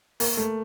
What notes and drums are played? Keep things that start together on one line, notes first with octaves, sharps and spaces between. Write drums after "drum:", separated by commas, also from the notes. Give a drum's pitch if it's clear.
A#3, drum: open hi-hat
A3